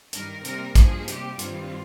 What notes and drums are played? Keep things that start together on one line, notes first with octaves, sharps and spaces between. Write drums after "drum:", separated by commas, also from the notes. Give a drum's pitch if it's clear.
G2 D#3 G3 A#4, drum: hi-hat
C3 G3 A#3 A#4, drum: hi-hat
G2 F3 A#3 D#4 G#4, drum: kick, hi-hat
C3 G3 A#3 G4, drum: hi-hat
G2 D#3 G3 C4 F4, drum: hi-hat